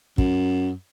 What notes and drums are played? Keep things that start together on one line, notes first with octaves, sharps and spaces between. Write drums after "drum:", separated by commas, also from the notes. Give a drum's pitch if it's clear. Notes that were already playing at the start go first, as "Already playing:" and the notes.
F#2, drum: kick